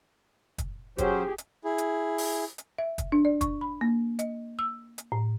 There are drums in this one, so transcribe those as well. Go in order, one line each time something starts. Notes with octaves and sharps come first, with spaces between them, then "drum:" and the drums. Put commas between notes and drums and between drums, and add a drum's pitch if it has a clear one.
drum: kick, hi-hat
F#3 C#4 G4 G#4 C5, drum: kick, hi-hat
drum: hi-hat
E4 G#4
drum: hi-hat
drum: open hi-hat
drum: hi-hat
E5
drum: kick, hi-hat
D4
D5
C#6, drum: kick, hi-hat
B5
A#3
D#5, drum: hi-hat
E6
drum: hi-hat
A2